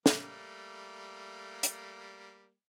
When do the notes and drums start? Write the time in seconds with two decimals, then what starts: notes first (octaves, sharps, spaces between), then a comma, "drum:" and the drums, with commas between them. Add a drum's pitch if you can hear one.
0.06 G3 A3 A#3, drum: snare
1.63 drum: hi-hat